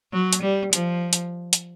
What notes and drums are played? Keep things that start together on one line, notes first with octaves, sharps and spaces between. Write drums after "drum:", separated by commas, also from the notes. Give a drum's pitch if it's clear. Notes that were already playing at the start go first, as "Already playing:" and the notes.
F#3
drum: hi-hat
G3
F3, drum: hi-hat
drum: hi-hat
drum: hi-hat